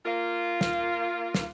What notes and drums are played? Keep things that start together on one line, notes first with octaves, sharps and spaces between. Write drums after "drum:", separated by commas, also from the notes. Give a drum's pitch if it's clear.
A#3 F4
drum: snare
drum: snare